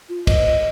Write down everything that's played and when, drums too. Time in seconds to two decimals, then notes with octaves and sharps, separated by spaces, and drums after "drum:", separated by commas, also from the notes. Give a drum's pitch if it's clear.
0.09 F4
0.27 D#5, drum: kick, cymbal